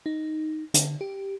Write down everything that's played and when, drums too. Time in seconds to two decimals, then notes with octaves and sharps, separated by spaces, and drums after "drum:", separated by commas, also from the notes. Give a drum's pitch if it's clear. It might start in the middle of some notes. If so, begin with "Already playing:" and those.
0.06 D#4
0.74 D3, drum: hi-hat
1.01 G4